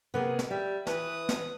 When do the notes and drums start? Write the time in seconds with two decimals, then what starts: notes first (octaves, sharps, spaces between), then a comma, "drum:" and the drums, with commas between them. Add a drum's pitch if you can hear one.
0.14 C3 A#3 B3 G#4
0.39 drum: snare
0.51 G3 E5
0.87 E3 B4 D#6, drum: snare
1.29 drum: snare